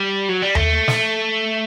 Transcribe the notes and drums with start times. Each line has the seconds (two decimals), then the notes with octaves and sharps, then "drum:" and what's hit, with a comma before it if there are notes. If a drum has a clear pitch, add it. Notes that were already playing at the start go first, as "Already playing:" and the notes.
Already playing: G3
0.29 F#3
0.42 G3
0.55 A3, drum: tom D#2
0.88 drum: snare